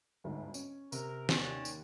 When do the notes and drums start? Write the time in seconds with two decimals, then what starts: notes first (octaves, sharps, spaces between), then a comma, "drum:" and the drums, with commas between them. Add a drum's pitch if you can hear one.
0.24 G1 D2 G#2
0.54 C#4, drum: tambourine
0.92 C3 A#4, drum: tambourine
1.29 D#2 C#4 D5 A5 F#6, drum: snare
1.65 drum: tambourine